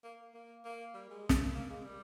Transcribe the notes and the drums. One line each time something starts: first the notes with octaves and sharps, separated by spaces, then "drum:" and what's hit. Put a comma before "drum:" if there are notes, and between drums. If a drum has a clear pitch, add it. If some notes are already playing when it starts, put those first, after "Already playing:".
A#3
A#3
A#3
G3
G#3
drum: snare
A#3
G#3
G3